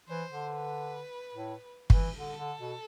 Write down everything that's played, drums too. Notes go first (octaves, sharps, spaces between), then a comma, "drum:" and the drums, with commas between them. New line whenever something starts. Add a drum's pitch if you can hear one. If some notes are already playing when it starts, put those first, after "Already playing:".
E3 C5
D3
B4
A2
E3, drum: kick
D3 A4
D3
B2